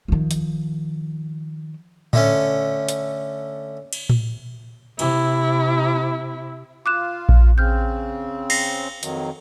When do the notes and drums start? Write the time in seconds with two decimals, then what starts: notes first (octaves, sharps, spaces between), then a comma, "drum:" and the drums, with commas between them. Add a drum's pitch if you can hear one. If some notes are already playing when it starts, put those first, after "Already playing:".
0.08 D#3 F3
0.31 drum: hi-hat
2.13 D3 A3 C#4, drum: tom A2
2.89 drum: hi-hat
3.93 drum: cymbal
4.09 drum: tom A2
4.99 C3 E4, drum: cymbal
6.86 F4 D6 F#6 E7
7.29 drum: kick A#1
7.58 C#3 C4 F6 G6
8.50 A#6 C7, drum: cymbal
9.03 F2 D#3 F#3, drum: hi-hat